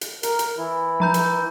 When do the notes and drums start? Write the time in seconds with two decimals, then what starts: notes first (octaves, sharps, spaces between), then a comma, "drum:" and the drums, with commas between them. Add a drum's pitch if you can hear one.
0.01 drum: hi-hat
0.23 A#4, drum: hi-hat
0.39 drum: hi-hat
0.58 E3 E4
1.00 F3 A#5 G6
1.14 drum: hi-hat